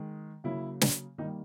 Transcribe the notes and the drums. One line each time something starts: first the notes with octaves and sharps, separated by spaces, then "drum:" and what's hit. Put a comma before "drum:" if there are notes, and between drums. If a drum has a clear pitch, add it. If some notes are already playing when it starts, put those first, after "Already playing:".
Already playing: D#3 G#3
C#3 F#3 A#3 E4
drum: snare
D#3 G3 A#3 D#4